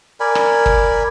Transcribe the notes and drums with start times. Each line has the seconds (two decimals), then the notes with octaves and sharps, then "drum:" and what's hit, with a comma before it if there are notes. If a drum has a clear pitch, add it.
0.20 A#4 D5 G#5 B5
0.35 drum: rim click
0.66 drum: kick G1